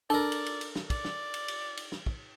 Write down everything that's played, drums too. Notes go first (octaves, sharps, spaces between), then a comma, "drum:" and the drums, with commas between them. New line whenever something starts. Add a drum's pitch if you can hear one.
D4 A4 A#4 D5
drum: cymbal
drum: cymbal
drum: cymbal
drum: snare
D5, drum: kick, cymbal
drum: snare
drum: cymbal
drum: cymbal
drum: cymbal
drum: snare
drum: kick